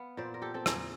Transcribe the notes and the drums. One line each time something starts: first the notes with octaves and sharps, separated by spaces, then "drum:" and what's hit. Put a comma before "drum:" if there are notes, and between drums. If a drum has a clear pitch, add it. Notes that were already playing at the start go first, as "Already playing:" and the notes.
Already playing: B3 F5
A#2 C5 D5
A#4
G4 A4
C4 A4
G#4 A#4, drum: rim click